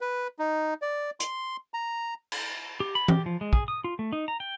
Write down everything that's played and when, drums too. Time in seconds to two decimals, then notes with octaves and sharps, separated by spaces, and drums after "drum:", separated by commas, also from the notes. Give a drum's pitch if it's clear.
0.01 B4
0.39 D#4
0.82 D5
1.20 C6, drum: hi-hat
1.74 A#5
2.32 drum: cymbal
2.80 G4
2.95 B5
3.08 G4, drum: tom E3
3.26 F3
3.41 G#3
3.53 G#4, drum: kick
3.68 D#6
3.84 F4
3.99 A3
4.12 D#4
4.28 A#5
4.40 G5